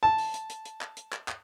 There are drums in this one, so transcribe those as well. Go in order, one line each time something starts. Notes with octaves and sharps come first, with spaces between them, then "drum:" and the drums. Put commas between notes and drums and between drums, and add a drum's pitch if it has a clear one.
A5
drum: open hi-hat
drum: hi-hat
drum: hi-hat
drum: hi-hat
drum: clap
drum: hi-hat
drum: clap
drum: clap